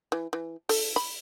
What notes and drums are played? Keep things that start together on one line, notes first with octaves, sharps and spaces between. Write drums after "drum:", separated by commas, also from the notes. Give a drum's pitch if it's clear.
E3
E3
A4, drum: open hi-hat
B5